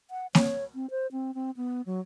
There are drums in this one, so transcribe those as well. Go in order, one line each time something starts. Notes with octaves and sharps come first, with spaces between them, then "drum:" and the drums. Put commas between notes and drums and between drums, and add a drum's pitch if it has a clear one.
F#5
C#5, drum: snare A#3
C4
C5
C4
C4
B3
F#3